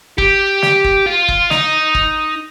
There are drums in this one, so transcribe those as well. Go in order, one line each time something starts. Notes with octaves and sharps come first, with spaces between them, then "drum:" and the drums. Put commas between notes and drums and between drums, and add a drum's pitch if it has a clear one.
G4, drum: kick
drum: snare
drum: kick
F4
drum: kick
D#4, drum: snare
drum: kick